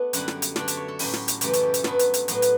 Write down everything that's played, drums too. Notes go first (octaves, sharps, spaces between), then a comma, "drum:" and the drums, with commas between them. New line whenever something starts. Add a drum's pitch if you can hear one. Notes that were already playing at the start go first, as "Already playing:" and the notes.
Already playing: A3 B3 D4
F#2 D3 G3 F#5, drum: hi-hat
drum: snare
drum: hi-hat
D3 A3 D4 D5, drum: snare
E5, drum: hi-hat
C#5
A4
A2 F#3 C#4 E4 G4, drum: open hi-hat
drum: snare
drum: hi-hat
F#2 C#3 E3 A3 C#4 G4, drum: hi-hat
A4, drum: hi-hat
G4
A4, drum: hi-hat
G2 F#3 B3 E4 A4, drum: snare
drum: hi-hat
drum: hi-hat
A2 F#3 B3, drum: hi-hat
drum: hi-hat